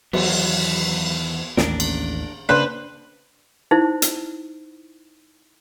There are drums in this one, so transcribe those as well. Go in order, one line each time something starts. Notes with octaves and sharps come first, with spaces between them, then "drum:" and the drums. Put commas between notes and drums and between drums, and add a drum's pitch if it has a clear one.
E2 D#3 F#3 B3, drum: cymbal
A1 D#2 C#4 D4 A#4, drum: snare
drum: cymbal
C#3 A#3 D4 B4 C5 C6
D#4 E4 C5
drum: hi-hat